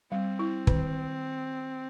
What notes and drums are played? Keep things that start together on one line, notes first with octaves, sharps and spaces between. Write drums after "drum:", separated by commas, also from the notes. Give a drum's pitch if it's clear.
G3 C4
E4
D#3, drum: kick